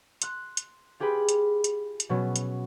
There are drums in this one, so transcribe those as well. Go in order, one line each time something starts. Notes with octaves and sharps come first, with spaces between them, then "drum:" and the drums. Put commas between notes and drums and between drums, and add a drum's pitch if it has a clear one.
C6 F#6, drum: hi-hat
drum: hi-hat
F4 G4 G#4 B4 B5
drum: hi-hat
drum: hi-hat
drum: hi-hat
B2 F#3 B3 C#4
drum: hi-hat